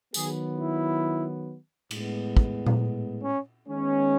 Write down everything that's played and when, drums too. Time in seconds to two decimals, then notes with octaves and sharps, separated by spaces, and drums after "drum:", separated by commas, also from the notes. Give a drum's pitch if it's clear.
0.14 D#3 F#3 B3 G#4, drum: tambourine
0.58 E4
1.91 A2 G#3 B3, drum: cymbal
2.37 drum: kick
2.66 drum: tom A#2
3.23 C#4
3.68 D#3 G#3 B3 C#4